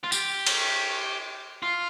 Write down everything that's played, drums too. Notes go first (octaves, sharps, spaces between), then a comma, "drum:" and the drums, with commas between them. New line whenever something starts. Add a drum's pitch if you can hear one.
F4
G4, drum: tambourine
drum: cymbal
F4